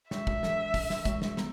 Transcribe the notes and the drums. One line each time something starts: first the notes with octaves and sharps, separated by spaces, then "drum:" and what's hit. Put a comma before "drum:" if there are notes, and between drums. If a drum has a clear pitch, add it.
G#3 E5, drum: snare
drum: kick
E3, drum: snare
E3, drum: kick, open hi-hat
drum: snare
G#3, drum: kick, hi-hat
drum: snare
B3, drum: snare